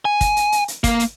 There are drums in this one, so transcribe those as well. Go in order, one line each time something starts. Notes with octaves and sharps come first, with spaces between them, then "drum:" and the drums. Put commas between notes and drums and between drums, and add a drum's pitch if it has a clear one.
G#5
drum: kick, hi-hat
drum: hi-hat
drum: hi-hat
drum: hi-hat
A#3, drum: kick, hi-hat
drum: hi-hat